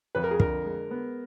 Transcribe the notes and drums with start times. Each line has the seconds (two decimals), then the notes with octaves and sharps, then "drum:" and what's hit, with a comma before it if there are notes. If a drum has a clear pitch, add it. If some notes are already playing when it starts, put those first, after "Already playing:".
0.15 F2 B4
0.24 A#4
0.31 G#4
0.40 D3 A#4, drum: kick
0.65 G#3
0.91 B3